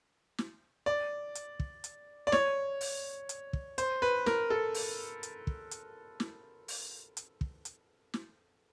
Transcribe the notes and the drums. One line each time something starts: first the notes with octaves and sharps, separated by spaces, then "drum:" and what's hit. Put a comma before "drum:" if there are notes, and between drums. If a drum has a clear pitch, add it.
drum: snare
D5
drum: hi-hat
drum: kick
drum: hi-hat
D5
C#5, drum: snare
drum: open hi-hat
drum: hi-hat
drum: kick
C5, drum: hi-hat
B4
A#4, drum: snare
A4
drum: open hi-hat
drum: hi-hat
drum: kick
drum: hi-hat
drum: snare
drum: open hi-hat
drum: hi-hat
drum: kick
drum: hi-hat
drum: snare